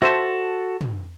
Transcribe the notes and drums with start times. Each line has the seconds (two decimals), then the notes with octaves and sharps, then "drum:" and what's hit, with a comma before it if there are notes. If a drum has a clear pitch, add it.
0.02 F#4 A4 C5 E5 A5
0.81 drum: tom